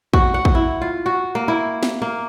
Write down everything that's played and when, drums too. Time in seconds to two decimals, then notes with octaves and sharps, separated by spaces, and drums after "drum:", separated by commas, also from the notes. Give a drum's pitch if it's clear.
0.13 F#4, drum: kick
0.34 F#5
0.45 drum: kick
0.55 E4
0.81 F4
1.06 F#4
1.35 A#3
1.48 E4
1.83 drum: snare
2.02 A#3